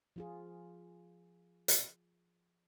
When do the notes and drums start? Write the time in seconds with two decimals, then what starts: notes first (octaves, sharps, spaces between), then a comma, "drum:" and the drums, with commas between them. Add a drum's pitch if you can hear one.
0.16 F3 F4 G#4
1.68 drum: hi-hat